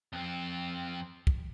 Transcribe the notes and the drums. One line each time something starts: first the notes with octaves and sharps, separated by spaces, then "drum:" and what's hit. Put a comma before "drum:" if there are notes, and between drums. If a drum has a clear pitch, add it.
F2 C4
drum: kick